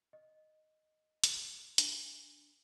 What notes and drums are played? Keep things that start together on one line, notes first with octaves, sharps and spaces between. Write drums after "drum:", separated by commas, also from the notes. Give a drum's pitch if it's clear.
D#5
drum: hi-hat
D4, drum: hi-hat